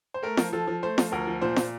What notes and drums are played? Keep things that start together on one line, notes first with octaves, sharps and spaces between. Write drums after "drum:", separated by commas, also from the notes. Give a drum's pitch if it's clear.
C5
A3 A#4
F3, drum: snare
F3 A4
F3
A3 C5
F3, drum: snare
D2 A#4
F3
A#2 C5
A#2, drum: snare